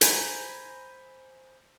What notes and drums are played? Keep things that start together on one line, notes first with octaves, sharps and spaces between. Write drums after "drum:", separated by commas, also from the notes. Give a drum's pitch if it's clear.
C5 G#5 A#5 B5, drum: hi-hat